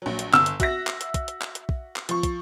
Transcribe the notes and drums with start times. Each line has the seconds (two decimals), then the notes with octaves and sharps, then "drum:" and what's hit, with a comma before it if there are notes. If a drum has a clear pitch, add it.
0.02 A#1 F#3
0.19 drum: hi-hat
0.33 G1 E6, drum: clap
0.46 drum: hi-hat
0.60 F#4 E5 A#6, drum: kick, hi-hat
0.87 drum: clap
1.01 drum: hi-hat
1.14 drum: kick, hi-hat
1.28 drum: hi-hat
1.42 drum: clap
1.55 drum: hi-hat
1.69 drum: kick
1.96 drum: clap
2.09 F3 C#6, drum: hi-hat
2.23 drum: kick, hi-hat